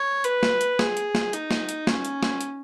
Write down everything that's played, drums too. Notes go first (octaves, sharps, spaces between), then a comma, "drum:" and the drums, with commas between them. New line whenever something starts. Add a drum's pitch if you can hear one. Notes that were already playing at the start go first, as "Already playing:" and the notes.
Already playing: C#5
B4, drum: hi-hat
drum: snare
drum: hi-hat
G#4, drum: snare
drum: hi-hat
drum: snare
D#4, drum: hi-hat
drum: snare
drum: hi-hat
C#4, drum: snare
drum: hi-hat
drum: snare
drum: hi-hat